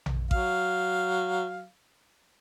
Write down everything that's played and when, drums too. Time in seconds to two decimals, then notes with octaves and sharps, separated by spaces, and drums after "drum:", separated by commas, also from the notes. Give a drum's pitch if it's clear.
0.06 drum: tom A#1
0.31 F#3 F5, drum: kick A1